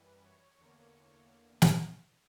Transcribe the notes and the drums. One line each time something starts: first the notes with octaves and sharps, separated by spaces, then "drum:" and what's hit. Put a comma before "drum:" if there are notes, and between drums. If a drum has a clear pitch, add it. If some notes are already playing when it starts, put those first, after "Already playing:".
Already playing: F#2 E3 G3 B4
C#5
E2 D3 A#3
drum: snare